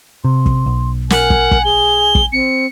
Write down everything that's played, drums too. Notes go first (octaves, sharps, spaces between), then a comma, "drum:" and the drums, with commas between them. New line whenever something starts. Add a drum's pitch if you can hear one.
C3 C6
drum: kick
B1
A#4 F#5 G#5, drum: snare
drum: kick
drum: kick
G#4 G7
drum: kick
C4 C#7